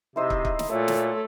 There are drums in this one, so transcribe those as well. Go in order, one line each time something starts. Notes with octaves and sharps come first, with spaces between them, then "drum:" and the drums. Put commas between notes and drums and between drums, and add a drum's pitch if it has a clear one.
C3 D#4 E4 G#4 C5 D#5 E6
drum: kick
drum: kick
drum: snare
A#2 F#3 A3 A4 C#5 E5
drum: snare